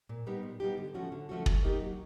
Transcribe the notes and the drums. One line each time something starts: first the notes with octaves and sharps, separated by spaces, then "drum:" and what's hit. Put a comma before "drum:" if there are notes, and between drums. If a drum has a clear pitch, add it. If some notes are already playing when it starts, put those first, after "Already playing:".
A#2
G3 B3 D#4 G4
A#2
G3 B3 D#4 G4
D3
F3 A3 C#4 F#4
D3
F3 A3 C#4 F#4
F#3, drum: kick
A#3 D#4 G4
F#3